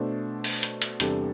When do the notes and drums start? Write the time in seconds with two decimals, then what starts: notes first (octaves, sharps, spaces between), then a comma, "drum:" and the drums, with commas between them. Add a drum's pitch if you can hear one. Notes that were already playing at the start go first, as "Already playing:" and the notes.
Already playing: B2 A3 D4 A4 C5
0.44 drum: open hi-hat
0.63 drum: hi-hat
0.82 drum: hi-hat
1.00 E2 C3 G3 D4 A4, drum: hi-hat